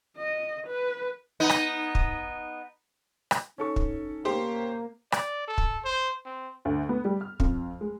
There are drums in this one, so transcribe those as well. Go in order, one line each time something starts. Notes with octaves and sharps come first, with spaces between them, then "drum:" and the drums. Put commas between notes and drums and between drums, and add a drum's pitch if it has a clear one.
D#5
B4
B3 D#4
drum: rim click
drum: kick
drum: rim click
C#4 D#4 A4 C#6
drum: kick
A#3 G4 C5
D5, drum: rim click
A4
drum: kick
C5
C4
D2
B3
G3
F6
F2, drum: kick
G#3